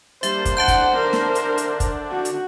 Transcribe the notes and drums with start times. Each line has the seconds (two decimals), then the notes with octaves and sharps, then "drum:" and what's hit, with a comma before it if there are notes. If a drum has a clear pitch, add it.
0.23 G3 A#3 D4 C5 E5, drum: hi-hat
0.45 drum: kick, hi-hat
0.57 D3 D4 E5 F#5 A5 G6
0.68 drum: kick, hi-hat
0.97 A#4
1.13 drum: snare
1.35 drum: hi-hat
1.58 drum: hi-hat
1.80 drum: kick, hi-hat
2.11 F#4
2.25 drum: hi-hat